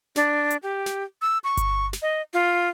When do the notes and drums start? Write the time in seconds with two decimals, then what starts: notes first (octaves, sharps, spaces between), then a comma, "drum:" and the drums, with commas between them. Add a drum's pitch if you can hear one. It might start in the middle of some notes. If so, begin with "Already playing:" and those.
0.16 D4, drum: snare
0.50 drum: hi-hat
0.63 G4
0.86 drum: snare
1.22 E6
1.44 C#6
1.57 drum: kick G1, hi-hat
1.93 drum: snare
2.02 D#5
2.33 F4